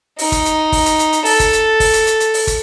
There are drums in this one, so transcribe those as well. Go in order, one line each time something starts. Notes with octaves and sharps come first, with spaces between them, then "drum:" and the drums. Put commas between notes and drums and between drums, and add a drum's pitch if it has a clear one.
D#4, drum: open hi-hat
drum: kick, hi-hat
drum: hi-hat
drum: kick, open hi-hat
drum: hi-hat
drum: hi-hat
drum: hi-hat
A4, drum: open hi-hat
drum: kick, hi-hat
drum: hi-hat
drum: kick, open hi-hat
drum: hi-hat
drum: hi-hat
drum: hi-hat
drum: open hi-hat
drum: kick, hi-hat